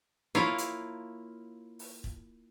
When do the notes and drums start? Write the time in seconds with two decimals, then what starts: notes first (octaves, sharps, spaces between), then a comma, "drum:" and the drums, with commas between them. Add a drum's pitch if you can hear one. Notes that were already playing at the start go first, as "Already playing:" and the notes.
0.35 A#3 E4 F4 C#5 F5, drum: snare
0.58 drum: hi-hat
1.79 drum: open hi-hat
2.04 drum: kick